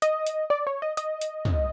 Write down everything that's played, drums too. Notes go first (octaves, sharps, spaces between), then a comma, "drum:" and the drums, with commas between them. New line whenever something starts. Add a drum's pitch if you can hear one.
D#5, drum: hi-hat
drum: hi-hat
D5
C#5
D#5
D#5, drum: hi-hat
drum: hi-hat
drum: tom